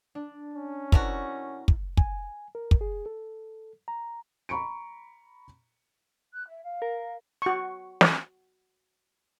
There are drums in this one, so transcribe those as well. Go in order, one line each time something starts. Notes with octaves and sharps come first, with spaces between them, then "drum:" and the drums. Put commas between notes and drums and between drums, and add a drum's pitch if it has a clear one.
D4
C#4
C3 D4 E4 F#4 A#4, drum: kick
drum: kick
G#5, drum: kick
A#4
drum: kick
G#4
A4
A#5
A#5 B5 C#6 C#7 D7
F#6
E5
F5
A#4
F#4 C#6
drum: snare